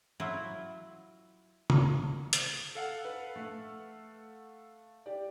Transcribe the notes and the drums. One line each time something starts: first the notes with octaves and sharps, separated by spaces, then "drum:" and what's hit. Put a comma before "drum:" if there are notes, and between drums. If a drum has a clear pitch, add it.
F#3 E4 F4
drum: tom
drum: hi-hat
A4 F5 F#5
B4
A3
G4 D5